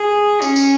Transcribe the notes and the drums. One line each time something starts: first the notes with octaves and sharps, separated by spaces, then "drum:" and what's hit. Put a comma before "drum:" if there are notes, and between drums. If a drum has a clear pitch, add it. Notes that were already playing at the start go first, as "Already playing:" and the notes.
Already playing: G#4
C#4, drum: tambourine
drum: tambourine